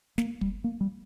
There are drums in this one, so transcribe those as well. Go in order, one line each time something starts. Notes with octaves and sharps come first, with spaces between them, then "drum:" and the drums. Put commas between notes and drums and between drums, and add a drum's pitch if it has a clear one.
A#3, drum: snare
G3, drum: kick
A#3
G3